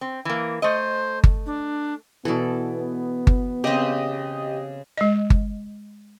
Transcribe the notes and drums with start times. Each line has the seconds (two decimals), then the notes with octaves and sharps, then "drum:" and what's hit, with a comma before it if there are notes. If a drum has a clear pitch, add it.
0.01 C4
0.25 E3 A#3
0.62 A3 C5 D#5
1.24 drum: kick G1
1.46 D4
2.25 B2 E3 B3 A4 D5
3.27 drum: kick G1
3.64 C#3 C4 G4 D#5
4.98 G#3 D#5
5.30 drum: kick G1